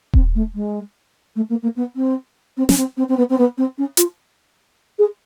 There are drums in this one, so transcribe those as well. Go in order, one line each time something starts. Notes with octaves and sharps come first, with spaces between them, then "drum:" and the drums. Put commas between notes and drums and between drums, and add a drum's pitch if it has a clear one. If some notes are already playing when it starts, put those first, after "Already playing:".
C4, drum: kick D#1
A3
G#3
A3
A#3
A#3
B3
C4
C4
C#4, drum: snare
C4
C4
C4
B3
C4
B3
C4
C#4
F4, drum: hi-hat
G#4